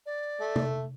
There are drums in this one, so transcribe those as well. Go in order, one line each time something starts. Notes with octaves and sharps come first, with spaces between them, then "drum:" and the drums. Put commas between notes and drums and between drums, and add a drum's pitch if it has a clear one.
D5
A3
drum: tom C3